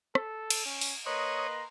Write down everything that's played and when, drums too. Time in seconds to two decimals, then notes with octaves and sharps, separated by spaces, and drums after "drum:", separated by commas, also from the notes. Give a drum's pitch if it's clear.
0.15 A4, drum: rim click
0.50 drum: cymbal
0.65 C#4
0.81 drum: open hi-hat
1.06 A#3 B4 C#5 D#5 A#5 C6 D#6